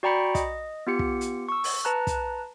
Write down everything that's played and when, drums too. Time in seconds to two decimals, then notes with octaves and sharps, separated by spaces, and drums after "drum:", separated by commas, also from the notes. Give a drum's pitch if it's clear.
0.03 F#4 D5 G5 A#5 B5 C#7
0.35 D#5, drum: kick, hi-hat
0.87 B3 F4 G4 C#7
0.99 drum: kick
1.21 drum: hi-hat
1.48 C#6 E6
1.64 drum: open hi-hat
1.85 B4 A5 A#5 F#6
2.07 drum: kick, hi-hat